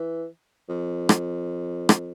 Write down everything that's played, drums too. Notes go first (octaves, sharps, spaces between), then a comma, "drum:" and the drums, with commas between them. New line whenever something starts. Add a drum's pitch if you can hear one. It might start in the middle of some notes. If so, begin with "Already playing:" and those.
Already playing: E3
F2
drum: rim click
drum: rim click